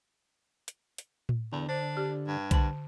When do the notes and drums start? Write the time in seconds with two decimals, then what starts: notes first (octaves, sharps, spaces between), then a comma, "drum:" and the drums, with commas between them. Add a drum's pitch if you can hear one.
0.68 drum: hi-hat
0.98 drum: hi-hat
1.29 drum: tom A2
1.52 E2 D3
1.69 D4 C5
1.97 G4
2.28 G2
2.51 D3 A5, drum: kick B1, hi-hat